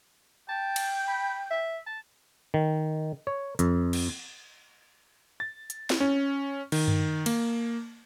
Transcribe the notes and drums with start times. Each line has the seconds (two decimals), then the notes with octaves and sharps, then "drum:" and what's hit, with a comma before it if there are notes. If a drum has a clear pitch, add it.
0.49 G5 A5
0.76 drum: cymbal
1.08 B5
1.51 E5
1.86 A5
2.54 D#3
3.27 C#5
3.59 F2, drum: hi-hat
3.93 drum: cymbal
5.40 A6
5.70 drum: hi-hat
5.90 drum: snare
6.00 C#4
6.72 D#3, drum: cymbal
6.88 drum: tom G2
7.26 A#3, drum: cymbal